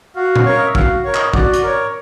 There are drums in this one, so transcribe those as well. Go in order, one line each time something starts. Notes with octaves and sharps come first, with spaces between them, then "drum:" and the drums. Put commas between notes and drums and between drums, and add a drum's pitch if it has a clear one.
F#4 F5
drum: tom A2
A#4 C#5
D#5
E5
F#4 F5, drum: kick
A#4 C#5
D#5, drum: clap
F#4 D5, drum: kick
drum: hi-hat
A#4 C#5